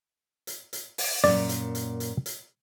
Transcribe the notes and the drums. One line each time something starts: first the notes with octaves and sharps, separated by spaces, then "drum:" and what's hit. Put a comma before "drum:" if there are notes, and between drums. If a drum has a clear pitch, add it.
drum: hi-hat
drum: hi-hat
drum: open hi-hat
F#2 A#2 D5, drum: snare
drum: hi-hat
drum: hi-hat
drum: hi-hat
drum: hi-hat